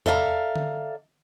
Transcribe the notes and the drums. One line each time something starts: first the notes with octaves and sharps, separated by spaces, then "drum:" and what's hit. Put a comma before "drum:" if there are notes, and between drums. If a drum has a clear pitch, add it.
A4 D5 E5 F5 G5 A#5, drum: tom E2
drum: tom D3